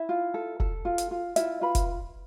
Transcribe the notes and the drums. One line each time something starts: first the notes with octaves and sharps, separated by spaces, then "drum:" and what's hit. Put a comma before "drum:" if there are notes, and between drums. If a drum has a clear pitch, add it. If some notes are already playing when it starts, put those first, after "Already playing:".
Already playing: E4 E5
F4
A4
A4, drum: kick F1
F4
drum: hi-hat
F4
E4 F4 E5, drum: hi-hat
F4 B4 B5
drum: kick F1, hi-hat